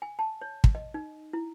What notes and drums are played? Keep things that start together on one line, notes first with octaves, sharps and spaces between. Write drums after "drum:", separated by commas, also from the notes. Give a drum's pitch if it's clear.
G#5
A5
C#5
drum: kick
D#5
D#4
E4